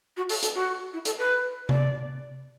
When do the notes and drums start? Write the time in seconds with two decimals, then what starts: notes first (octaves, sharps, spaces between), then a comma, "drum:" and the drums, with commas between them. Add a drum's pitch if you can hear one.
0.17 F#4
0.29 A4, drum: open hi-hat
0.43 A4, drum: hi-hat
0.55 F#4
0.93 E4
1.05 A4, drum: hi-hat
1.18 B4
1.69 D5, drum: tom C3